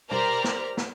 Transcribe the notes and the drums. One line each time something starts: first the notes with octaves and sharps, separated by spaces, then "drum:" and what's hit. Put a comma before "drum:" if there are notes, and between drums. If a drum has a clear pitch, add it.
G4 A#4 C5 D5 A#5 F6, drum: tom
drum: snare
drum: snare